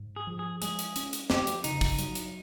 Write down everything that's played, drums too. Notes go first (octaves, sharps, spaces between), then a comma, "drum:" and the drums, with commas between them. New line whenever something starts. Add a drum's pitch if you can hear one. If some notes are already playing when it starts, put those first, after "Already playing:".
Already playing: G#2
G#4
F3
G#4
G#3 G#4, drum: hi-hat
drum: hi-hat
C#4, drum: hi-hat
drum: hi-hat
F2 G4, drum: snare
drum: hi-hat
C#3 D#4, drum: hi-hat
drum: kick, open hi-hat
F#3, drum: hi-hat
drum: hi-hat